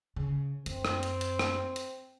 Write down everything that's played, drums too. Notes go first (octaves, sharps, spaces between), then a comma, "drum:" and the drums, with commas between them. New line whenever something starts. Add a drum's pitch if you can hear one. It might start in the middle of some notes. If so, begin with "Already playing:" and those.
C#3
F#2 C4, drum: hi-hat
drum: rim click
drum: hi-hat
drum: hi-hat
drum: rim click
drum: hi-hat